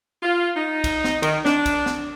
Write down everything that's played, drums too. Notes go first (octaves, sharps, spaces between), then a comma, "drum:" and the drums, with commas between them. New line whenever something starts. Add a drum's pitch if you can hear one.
F4
D#4
drum: kick, cymbal
drum: snare
D#3, drum: cymbal
D4, drum: snare
drum: kick, cymbal
drum: snare